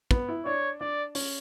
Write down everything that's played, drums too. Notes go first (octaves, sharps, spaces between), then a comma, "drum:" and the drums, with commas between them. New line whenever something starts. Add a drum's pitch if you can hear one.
B3, drum: kick
E4
D4 C#5
D4 D5
C#4, drum: open hi-hat